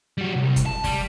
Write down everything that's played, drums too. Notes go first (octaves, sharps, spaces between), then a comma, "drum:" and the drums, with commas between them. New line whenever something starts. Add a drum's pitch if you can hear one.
G3 F#4
C2
drum: kick F#1, hi-hat
A5
G3, drum: kick F#1, open hi-hat